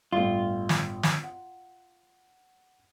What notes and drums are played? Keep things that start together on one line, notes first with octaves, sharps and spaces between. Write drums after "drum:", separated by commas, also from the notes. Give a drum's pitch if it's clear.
G1 A2 F4
drum: snare
drum: snare
F#5